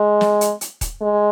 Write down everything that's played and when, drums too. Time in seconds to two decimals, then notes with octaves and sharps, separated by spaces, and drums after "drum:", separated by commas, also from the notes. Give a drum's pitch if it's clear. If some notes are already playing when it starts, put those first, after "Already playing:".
Already playing: G#3
0.21 drum: snare
0.41 drum: hi-hat
0.61 drum: hi-hat
0.81 drum: kick D#1, hi-hat
1.01 G#3